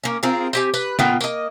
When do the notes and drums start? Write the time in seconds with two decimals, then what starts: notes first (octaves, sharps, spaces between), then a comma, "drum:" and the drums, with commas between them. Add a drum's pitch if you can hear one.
0.04 A#3 C#4
0.23 C4 F4 G#4 A#4
0.53 C4 G4 G#5, drum: tambourine
0.74 B4, drum: tambourine
0.99 A#2 B3 F4 G5, drum: snare
1.21 A#3 D#5, drum: tambourine